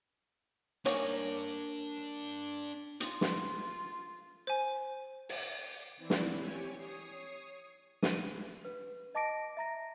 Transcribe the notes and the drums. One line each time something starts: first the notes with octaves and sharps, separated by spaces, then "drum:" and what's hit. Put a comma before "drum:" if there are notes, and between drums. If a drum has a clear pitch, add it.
A#3 D4 C#5 G5 G#5, drum: hi-hat
F4, drum: hi-hat
drum: snare
C5 G#5
drum: open hi-hat
E3 C4 E4 D5
drum: snare
G4 C#5 G#5
C#5 D#6 C7
D#7, drum: snare
B4
D#5 A5 D6 A#6 D7
E5 A#5 A#6